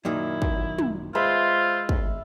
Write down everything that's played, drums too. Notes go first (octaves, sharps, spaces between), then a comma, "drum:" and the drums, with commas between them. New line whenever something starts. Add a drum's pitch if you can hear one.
F#2 A#2 D#3 E4
drum: kick
drum: tom
G#3 F4 C5 E5 B5
drum: kick